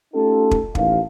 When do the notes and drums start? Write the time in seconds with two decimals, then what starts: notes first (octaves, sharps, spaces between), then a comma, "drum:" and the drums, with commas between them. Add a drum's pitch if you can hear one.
0.14 A3 C#4 D#4 F4 G4 A4
0.51 drum: kick
0.75 A1 D#2 F5, drum: kick